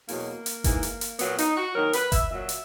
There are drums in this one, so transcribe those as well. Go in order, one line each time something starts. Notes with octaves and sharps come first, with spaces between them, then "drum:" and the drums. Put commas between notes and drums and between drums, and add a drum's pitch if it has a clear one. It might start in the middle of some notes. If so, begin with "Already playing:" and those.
E2 B2 F#3 A#3, drum: open hi-hat
drum: hi-hat
G#2 E3, drum: kick F#1, hi-hat
drum: hi-hat
drum: hi-hat
A#2 F#3 B3, drum: hi-hat
D#4, drum: hi-hat
F#4
D#2 D#3 F#3 A#4
B4, drum: hi-hat
E5, drum: kick F#1, hi-hat
A#2 F#3 E5
drum: hi-hat